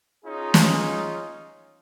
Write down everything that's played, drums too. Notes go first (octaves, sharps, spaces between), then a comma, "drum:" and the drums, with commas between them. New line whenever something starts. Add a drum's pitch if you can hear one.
C#4 D#4 F4 G#4
drum: snare